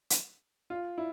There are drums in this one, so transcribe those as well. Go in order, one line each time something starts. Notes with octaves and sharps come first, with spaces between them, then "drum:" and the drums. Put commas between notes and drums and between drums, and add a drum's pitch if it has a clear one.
drum: hi-hat
F4
E4